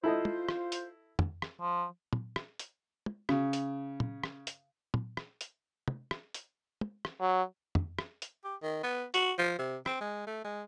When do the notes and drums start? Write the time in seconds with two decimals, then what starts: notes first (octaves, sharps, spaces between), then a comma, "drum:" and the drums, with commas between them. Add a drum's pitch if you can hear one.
0.04 E4 F4 A4 C5 D#5
0.25 drum: tom
0.49 drum: rim click
0.72 drum: hi-hat
1.19 drum: tom
1.42 drum: rim click
1.61 F3
2.13 drum: tom
2.36 drum: rim click
2.59 drum: hi-hat
3.06 drum: tom
3.29 C#3, drum: rim click
3.53 drum: hi-hat
4.00 drum: tom
4.24 drum: rim click
4.47 drum: hi-hat
4.94 drum: tom
5.17 drum: rim click
5.41 drum: hi-hat
5.88 drum: tom
6.11 drum: rim click
6.34 drum: hi-hat
6.81 drum: tom
7.05 drum: rim click
7.21 F#3
7.75 drum: tom
7.99 drum: rim click
8.22 drum: hi-hat
8.44 G4
8.62 D#3
8.83 B3
9.14 F#4, drum: hi-hat
9.38 F3
9.58 C3
9.86 C4, drum: rim click
10.01 G#3
10.27 A3
10.44 G#3